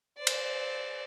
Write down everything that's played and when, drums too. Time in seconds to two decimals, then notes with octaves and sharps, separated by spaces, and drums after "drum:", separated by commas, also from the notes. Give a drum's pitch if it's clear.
0.18 C5 D5
0.27 drum: cymbal